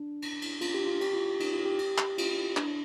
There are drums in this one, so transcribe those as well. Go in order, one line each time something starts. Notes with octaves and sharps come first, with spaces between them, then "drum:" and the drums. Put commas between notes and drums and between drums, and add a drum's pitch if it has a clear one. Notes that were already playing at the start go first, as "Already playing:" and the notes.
Already playing: D4
drum: cymbal
drum: cymbal
F4, drum: cymbal
G4
F4
G4, drum: cymbal
F4
D#4, drum: cymbal
F4
G4
drum: cymbal
drum: clap
F4, drum: cymbal
D4, drum: clap